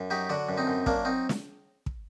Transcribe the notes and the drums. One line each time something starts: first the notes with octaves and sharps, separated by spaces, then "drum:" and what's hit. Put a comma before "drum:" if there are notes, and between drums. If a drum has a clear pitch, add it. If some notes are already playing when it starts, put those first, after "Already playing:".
Already playing: F#2
F#3 D#4 G4
D3 D4 F#4
F#2
C4 D#4
F#2
F#3 A#3 D4, drum: kick
C4 D#4
drum: snare
drum: kick